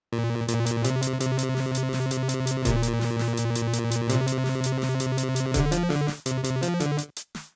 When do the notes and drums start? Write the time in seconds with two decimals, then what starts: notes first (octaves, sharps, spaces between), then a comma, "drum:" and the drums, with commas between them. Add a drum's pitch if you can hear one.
0.13 A#2
0.48 A#2, drum: hi-hat
0.66 drum: hi-hat
0.84 C3, drum: hi-hat
1.02 drum: hi-hat
1.20 C3, drum: hi-hat
1.39 drum: hi-hat
1.57 drum: snare
1.75 drum: hi-hat
1.93 drum: snare
2.11 drum: hi-hat
2.29 drum: hi-hat
2.47 drum: hi-hat
2.65 A#2, drum: kick D#1, hi-hat
2.83 drum: hi-hat
3.01 drum: snare
3.19 drum: snare
3.37 drum: hi-hat
3.55 drum: hi-hat
3.73 drum: hi-hat
3.91 drum: hi-hat
4.10 C3, drum: hi-hat
4.28 drum: hi-hat
4.46 drum: snare
4.64 drum: hi-hat
4.82 drum: snare
5.00 drum: hi-hat
5.18 drum: hi-hat
5.36 drum: hi-hat
5.54 D3, drum: kick D#1, hi-hat
5.72 F3, drum: hi-hat
5.90 D3, drum: snare
6.08 drum: snare
6.26 C3, drum: hi-hat
6.44 C3, drum: hi-hat
6.63 F3, drum: hi-hat
6.80 D3, drum: hi-hat
6.98 drum: hi-hat
7.17 drum: hi-hat
7.35 drum: snare